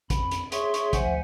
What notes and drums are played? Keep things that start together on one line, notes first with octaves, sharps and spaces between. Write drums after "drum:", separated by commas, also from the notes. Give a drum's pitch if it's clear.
F2 B5, drum: kick, hi-hat
drum: hi-hat
G#4 C#5 E5 C6 C#6, drum: hi-hat
drum: hi-hat
D2 F3 C5 E5 F#5 G#5, drum: kick, hi-hat